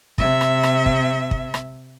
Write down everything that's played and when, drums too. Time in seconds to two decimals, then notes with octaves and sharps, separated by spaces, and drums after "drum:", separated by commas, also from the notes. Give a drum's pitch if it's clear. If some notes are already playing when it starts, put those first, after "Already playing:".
0.18 C3 E5, drum: kick
0.41 drum: rim click
0.63 drum: rim click
0.86 drum: kick
1.31 drum: kick
1.54 drum: rim click